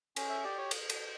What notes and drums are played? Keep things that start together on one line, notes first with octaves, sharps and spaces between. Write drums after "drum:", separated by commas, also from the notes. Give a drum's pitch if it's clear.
C#4, drum: cymbal
E5
G4 D5
C#5
drum: cymbal
drum: cymbal